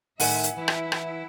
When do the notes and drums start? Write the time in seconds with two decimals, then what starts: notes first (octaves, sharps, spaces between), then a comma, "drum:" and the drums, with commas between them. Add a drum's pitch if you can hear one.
0.20 A2 D#3 D#4 E5 F#5 G#5, drum: open hi-hat
0.44 drum: hi-hat
0.56 E3 E4
0.68 drum: rim click
0.92 drum: rim click